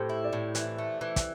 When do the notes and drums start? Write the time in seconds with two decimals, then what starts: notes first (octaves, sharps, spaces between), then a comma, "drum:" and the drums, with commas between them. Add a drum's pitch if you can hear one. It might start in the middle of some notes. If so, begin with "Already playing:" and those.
Already playing: A2 G4 A4 C5
0.09 E4
0.24 D5
0.33 A2
0.55 E3, drum: hi-hat
0.78 A3
1.01 E3
1.16 drum: kick, hi-hat